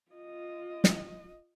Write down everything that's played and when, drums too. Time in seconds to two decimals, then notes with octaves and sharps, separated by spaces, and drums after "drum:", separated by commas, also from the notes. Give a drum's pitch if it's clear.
0.11 F4 D#5
0.84 drum: snare